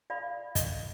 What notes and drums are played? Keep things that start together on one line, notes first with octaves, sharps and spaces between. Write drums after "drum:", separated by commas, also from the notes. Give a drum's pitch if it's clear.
D5 F5 B5
D#5, drum: kick, hi-hat